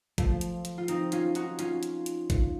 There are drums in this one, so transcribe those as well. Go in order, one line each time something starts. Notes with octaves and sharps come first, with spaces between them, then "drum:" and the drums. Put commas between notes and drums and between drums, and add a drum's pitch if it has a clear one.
F3 A3, drum: kick G#1, hi-hat
drum: hi-hat
drum: hi-hat
F4
C4 D#4, drum: hi-hat
C#4 F4, drum: hi-hat
D#4 F#4, drum: hi-hat
C#4 F4, drum: hi-hat
drum: hi-hat
drum: hi-hat
drum: kick G#1, hi-hat